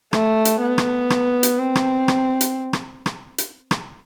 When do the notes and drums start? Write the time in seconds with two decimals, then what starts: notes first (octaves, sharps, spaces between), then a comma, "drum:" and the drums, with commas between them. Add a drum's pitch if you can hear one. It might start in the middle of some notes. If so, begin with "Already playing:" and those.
0.13 A3, drum: rim click
0.45 drum: hi-hat
0.61 B3
0.78 drum: rim click
1.10 drum: rim click
1.43 drum: hi-hat
1.59 C4
1.75 drum: rim click
2.08 drum: rim click
2.41 drum: hi-hat
2.73 drum: rim click
3.06 drum: rim click
3.38 drum: hi-hat
3.71 drum: rim click